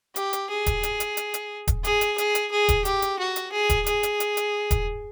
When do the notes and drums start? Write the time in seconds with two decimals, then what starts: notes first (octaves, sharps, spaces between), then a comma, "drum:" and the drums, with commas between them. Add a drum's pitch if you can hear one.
0.16 G4, drum: hi-hat
0.33 drum: hi-hat
0.50 G#4
0.66 drum: kick D#1, hi-hat
0.83 drum: hi-hat
1.00 drum: hi-hat
1.17 drum: hi-hat
1.34 drum: hi-hat
1.67 drum: kick D#1, hi-hat
1.85 G#4, drum: hi-hat
2.01 drum: hi-hat
2.18 G#4, drum: hi-hat
2.35 drum: hi-hat
2.52 G#4
2.69 drum: kick D#1, hi-hat
2.85 G4, drum: hi-hat
3.02 drum: hi-hat
3.19 F#4
3.36 drum: hi-hat
3.53 G#4
3.70 drum: kick D#1, hi-hat
3.86 G#4, drum: hi-hat
4.03 drum: hi-hat
4.20 drum: hi-hat
4.37 drum: hi-hat
4.71 drum: kick D#1, hi-hat